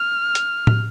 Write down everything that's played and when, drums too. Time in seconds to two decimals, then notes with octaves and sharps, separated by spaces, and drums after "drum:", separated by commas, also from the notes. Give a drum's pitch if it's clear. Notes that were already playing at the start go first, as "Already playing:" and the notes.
Already playing: F6
0.35 drum: hi-hat
0.67 drum: tom A2